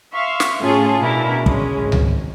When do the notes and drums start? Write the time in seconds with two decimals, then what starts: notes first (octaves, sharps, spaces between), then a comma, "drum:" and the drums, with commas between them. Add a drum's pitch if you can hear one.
0.13 E5 F5 C6 C#6
0.40 drum: snare
0.60 A2 C#4 F4 G#4 A4
1.01 B2 D4 E4 A#4
1.46 G#3 C#4, drum: kick
1.80 G#1
1.92 drum: tom C#2